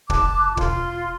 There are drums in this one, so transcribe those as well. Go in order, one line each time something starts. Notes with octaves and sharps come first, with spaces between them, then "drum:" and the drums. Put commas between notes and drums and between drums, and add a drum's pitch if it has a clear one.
F#1 A5 D6 F#6, drum: kick
E1 F4 C6, drum: kick